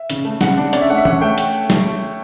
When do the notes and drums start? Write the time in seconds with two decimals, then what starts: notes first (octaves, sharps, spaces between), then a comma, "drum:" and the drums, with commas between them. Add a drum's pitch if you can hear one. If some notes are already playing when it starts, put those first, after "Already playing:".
Already playing: E5
0.10 C#3, drum: hi-hat
0.25 A3
0.41 C#3 F#5, drum: snare
0.57 D4
0.73 C#4 D5, drum: hi-hat
0.81 E5
0.89 A3 F#5
0.98 E5
1.05 C#4 F#5, drum: tom
1.21 A3 G5
1.38 drum: hi-hat
1.70 drum: snare